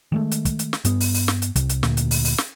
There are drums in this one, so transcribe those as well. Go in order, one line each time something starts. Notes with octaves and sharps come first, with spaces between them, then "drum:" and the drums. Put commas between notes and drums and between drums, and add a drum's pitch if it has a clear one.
D#3 G#3 A3
drum: hi-hat
drum: kick, hi-hat
drum: hi-hat
drum: snare
G2 B3, drum: hi-hat
drum: open hi-hat
drum: open hi-hat
drum: snare
drum: hi-hat
C2, drum: kick, hi-hat
drum: hi-hat
D2 A#2, drum: snare
drum: hi-hat
drum: open hi-hat
drum: open hi-hat
drum: snare